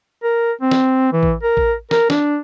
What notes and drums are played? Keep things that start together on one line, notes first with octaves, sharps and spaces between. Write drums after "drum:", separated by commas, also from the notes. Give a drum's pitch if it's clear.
A#4
C4
drum: snare
E3
drum: kick A1
A#4
drum: kick A1
A#4, drum: snare
D4, drum: snare